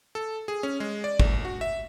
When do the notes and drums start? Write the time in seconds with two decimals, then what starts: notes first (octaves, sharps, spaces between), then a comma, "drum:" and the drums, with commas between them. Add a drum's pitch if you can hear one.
0.15 A4
0.48 G#4
0.63 C#4
0.80 G#3
1.04 D5
1.20 A#1, drum: kick G#1
1.45 F#4
1.61 E5